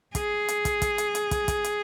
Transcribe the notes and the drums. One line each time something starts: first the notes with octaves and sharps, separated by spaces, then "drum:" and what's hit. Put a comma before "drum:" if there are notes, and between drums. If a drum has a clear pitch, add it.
G#4, drum: kick, hi-hat
drum: hi-hat
drum: kick, hi-hat
drum: kick, hi-hat
drum: hi-hat
drum: hi-hat
drum: kick, hi-hat
drum: kick, hi-hat
drum: hi-hat